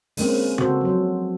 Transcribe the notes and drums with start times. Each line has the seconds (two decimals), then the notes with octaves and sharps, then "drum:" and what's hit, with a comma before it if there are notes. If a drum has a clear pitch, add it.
0.17 D3 G#3 A#3 C4 C#4, drum: open hi-hat
0.58 C4 F#4 A4 C5, drum: tom C#3
0.81 F3 F#3